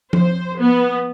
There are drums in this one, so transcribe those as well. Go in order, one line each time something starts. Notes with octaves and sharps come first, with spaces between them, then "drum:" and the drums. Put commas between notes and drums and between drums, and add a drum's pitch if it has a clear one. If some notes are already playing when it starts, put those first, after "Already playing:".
C5, drum: tom F3
B3